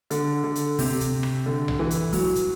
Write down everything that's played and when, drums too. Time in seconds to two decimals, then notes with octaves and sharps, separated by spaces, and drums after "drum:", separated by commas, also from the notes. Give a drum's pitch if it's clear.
0.10 D3, drum: hi-hat
0.44 D3
0.55 drum: hi-hat
0.79 C3, drum: kick, open hi-hat
1.00 drum: kick, hi-hat
1.23 drum: rim click
1.46 D3
1.68 drum: tom B1
1.79 E3
1.91 drum: hi-hat
2.13 F#3, drum: kick, open hi-hat
2.36 drum: kick, hi-hat